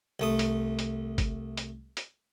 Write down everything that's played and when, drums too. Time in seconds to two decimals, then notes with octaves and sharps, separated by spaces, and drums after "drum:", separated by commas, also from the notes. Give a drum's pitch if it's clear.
0.20 C2 A3 D#6
0.39 drum: hi-hat
0.79 drum: hi-hat
1.18 drum: kick, hi-hat
1.57 drum: hi-hat
1.97 drum: hi-hat